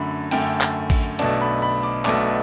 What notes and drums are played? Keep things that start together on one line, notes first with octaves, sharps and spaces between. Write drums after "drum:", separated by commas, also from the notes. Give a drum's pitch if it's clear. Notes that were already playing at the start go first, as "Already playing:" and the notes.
Already playing: F#2 D3 A3 B5
F#2 D3 A3 G5, drum: open hi-hat
drum: clap
drum: kick A1, open hi-hat
B1 B2 A3 D4 A5, drum: hi-hat
B5
B5
D6
B1 B2 A3 D4 D6, drum: clap